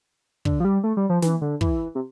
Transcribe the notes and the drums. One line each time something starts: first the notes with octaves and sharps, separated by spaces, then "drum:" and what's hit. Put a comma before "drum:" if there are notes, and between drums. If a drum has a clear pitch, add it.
D3, drum: kick
F3
G3
A3
G3
F3
E3, drum: snare
D3
E3, drum: kick
C3